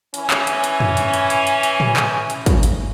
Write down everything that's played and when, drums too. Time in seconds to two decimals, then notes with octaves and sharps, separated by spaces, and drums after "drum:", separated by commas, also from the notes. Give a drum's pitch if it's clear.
0.14 E3 C#4, drum: hi-hat
0.30 drum: clap
0.47 drum: hi-hat
0.64 drum: hi-hat
0.80 drum: tom
0.97 drum: hi-hat
1.14 drum: hi-hat
1.30 drum: hi-hat
1.47 drum: hi-hat
1.63 drum: hi-hat
1.80 drum: tom
1.97 drum: clap
2.30 drum: hi-hat
2.46 drum: kick, hi-hat
2.63 drum: hi-hat